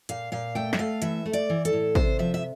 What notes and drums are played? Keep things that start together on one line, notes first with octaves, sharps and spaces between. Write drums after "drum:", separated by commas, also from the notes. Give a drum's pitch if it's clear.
A#2 F5, drum: hi-hat
A#2 F5
A3 G5
E5, drum: snare
A3 F5
E3 E5, drum: hi-hat
A3
D5, drum: hi-hat
E3
A4, drum: hi-hat
A2
C3 C5, drum: kick
F3 E5
E5